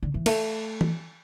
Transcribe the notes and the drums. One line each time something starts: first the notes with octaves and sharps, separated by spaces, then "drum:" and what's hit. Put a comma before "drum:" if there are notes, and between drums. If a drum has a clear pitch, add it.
D3
E3
A3, drum: cymbal
drum: tom E3